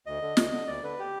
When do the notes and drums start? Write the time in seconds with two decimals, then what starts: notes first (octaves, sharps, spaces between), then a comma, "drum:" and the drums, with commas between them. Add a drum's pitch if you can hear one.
0.06 D2 D#5
0.22 D3
0.37 D2, drum: snare
0.52 D3
0.67 D2 D5
0.83 D3 B4
0.99 G4